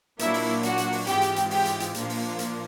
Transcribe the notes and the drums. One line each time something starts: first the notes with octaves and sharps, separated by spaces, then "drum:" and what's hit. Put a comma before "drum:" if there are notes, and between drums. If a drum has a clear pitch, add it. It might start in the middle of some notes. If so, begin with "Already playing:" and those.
A#2 F#3 A#3 D4 E4 F4 E5, drum: hi-hat
drum: open hi-hat
F#4 F#5, drum: hi-hat
drum: hi-hat
drum: open hi-hat
G#2 E3 G#3 C4 F4 G4 G5, drum: hi-hat
drum: hi-hat
drum: hi-hat
G4 G5, drum: open hi-hat
drum: hi-hat
drum: hi-hat
A#2 F3 A#3 D4 F4, drum: hi-hat
drum: open hi-hat
drum: hi-hat